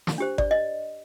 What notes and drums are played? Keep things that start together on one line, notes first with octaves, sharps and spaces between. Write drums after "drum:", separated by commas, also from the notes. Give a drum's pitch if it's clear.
drum: snare
D4 G4 C5
D5, drum: kick G#1
D#5